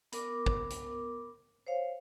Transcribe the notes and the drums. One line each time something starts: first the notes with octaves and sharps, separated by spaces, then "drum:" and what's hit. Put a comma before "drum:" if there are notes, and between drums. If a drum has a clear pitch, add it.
B3 A#4 D6, drum: hi-hat
drum: kick
drum: hi-hat
C5 C#5 F5